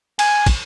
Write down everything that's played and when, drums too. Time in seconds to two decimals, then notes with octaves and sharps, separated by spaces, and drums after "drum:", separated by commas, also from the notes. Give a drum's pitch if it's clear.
0.19 G#5, drum: cymbal
0.46 drum: kick, cymbal